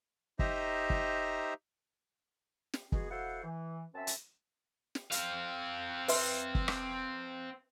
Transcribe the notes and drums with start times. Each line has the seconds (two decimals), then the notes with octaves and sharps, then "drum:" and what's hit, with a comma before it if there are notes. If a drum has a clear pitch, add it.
0.39 D#4 G4 C5 D#5 E5 A#5, drum: kick
0.90 drum: kick
2.73 drum: snare
2.92 G#3 B3 F#4 G#4, drum: kick
3.10 E4 F#4 A4 C5 F5 F#5
3.44 E3
3.94 F#2 C4 C#4 E5 A5
4.07 drum: hi-hat
4.95 drum: snare
5.12 C4 F5, drum: hi-hat
6.08 B4 E5 C6, drum: open hi-hat
6.55 drum: kick
6.68 drum: rim click